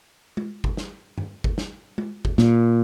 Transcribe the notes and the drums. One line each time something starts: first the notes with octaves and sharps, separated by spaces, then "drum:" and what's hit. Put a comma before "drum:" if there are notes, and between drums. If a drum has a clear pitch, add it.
drum: tom G#3
drum: kick G1
drum: snare
drum: tom G2
drum: kick G1
drum: snare
drum: tom G#3
drum: kick G1
A#2, drum: snare